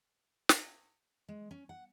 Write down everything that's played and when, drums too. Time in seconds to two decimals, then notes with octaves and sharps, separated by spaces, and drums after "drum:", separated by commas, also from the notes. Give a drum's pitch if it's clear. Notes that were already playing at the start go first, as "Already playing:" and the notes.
0.49 drum: snare
1.29 G#3
1.51 C#4
1.69 F#5